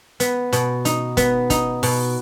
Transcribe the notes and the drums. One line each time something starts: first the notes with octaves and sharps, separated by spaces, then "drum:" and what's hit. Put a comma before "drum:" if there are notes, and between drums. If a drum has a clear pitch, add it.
B3, drum: hi-hat
B2, drum: hi-hat
D#4, drum: hi-hat
B3, drum: kick, hi-hat
D#4, drum: kick, hi-hat
B2, drum: open hi-hat